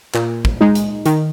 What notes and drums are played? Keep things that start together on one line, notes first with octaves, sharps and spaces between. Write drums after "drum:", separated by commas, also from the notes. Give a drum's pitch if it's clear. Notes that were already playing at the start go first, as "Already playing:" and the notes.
A#2, drum: clap
drum: kick
G#3 D#4
drum: hi-hat
D#3, drum: hi-hat